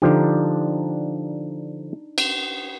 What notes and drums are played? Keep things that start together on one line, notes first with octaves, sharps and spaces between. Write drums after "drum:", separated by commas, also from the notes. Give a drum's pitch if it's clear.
D3 F3 D4 D#4 G4
drum: cymbal